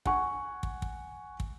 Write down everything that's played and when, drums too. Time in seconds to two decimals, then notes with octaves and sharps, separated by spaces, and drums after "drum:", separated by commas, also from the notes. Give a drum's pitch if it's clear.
0.06 F#5 G#5 C#6, drum: kick
0.63 drum: kick
0.82 drum: kick
1.40 drum: kick